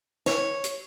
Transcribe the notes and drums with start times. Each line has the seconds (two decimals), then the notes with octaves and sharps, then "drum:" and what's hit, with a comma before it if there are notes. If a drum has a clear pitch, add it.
0.26 C#5, drum: snare
0.64 drum: hi-hat